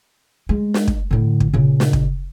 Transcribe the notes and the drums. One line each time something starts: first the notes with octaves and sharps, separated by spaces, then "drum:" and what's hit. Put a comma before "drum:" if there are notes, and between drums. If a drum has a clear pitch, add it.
G#3
drum: snare
drum: kick
A2 D3
drum: kick
A#2 C#3
drum: snare
drum: kick